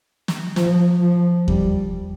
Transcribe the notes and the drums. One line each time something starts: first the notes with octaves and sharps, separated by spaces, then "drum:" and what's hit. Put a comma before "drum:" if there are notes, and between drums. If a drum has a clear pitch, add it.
drum: snare
F3, drum: snare
F3
G3, drum: kick E2